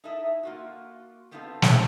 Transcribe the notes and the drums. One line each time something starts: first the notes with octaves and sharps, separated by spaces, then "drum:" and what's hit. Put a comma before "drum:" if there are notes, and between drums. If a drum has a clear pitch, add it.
D#4 E4 A4 D#5 E5
A#3 F4 F#4
G3 B3 C4 D#4 F4 A4
drum: snare